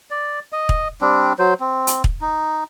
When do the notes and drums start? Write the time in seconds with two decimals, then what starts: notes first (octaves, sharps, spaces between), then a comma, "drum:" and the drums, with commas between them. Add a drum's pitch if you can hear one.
0.10 D5
0.53 D#5
0.69 drum: kick
1.01 G3 C4 D4
1.39 F#3 C5
1.60 C4
1.87 drum: hi-hat
2.04 drum: kick
2.21 D#4